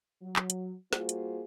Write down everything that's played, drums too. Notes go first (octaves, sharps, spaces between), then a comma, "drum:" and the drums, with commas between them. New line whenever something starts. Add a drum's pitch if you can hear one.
F#3
drum: clap
drum: hi-hat
G3 A#3 F4 F#4 G#4 C5, drum: snare
drum: hi-hat